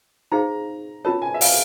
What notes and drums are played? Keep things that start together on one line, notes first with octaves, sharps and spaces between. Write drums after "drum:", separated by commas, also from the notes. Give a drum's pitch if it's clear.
D#4 G#4 C5 F5 A#5
C#4 F4 A#4 C#5 A5
G#5
E5
F5, drum: open hi-hat